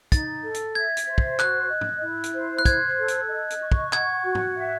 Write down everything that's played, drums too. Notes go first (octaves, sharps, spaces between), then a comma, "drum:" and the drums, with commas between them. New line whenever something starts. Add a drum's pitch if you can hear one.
D#4 A6, drum: kick, hi-hat
A4
drum: hi-hat
E5 G#6
drum: hi-hat
C5
drum: kick
F#4 F#6, drum: clap
D#5
drum: tom G#2
E4
drum: hi-hat
C5
F#6
C5 G#6, drum: kick, hi-hat
A4
drum: hi-hat
D#5
drum: hi-hat
C#6
drum: kick
F#5 G#6, drum: clap
F#4
drum: tom G#2
E5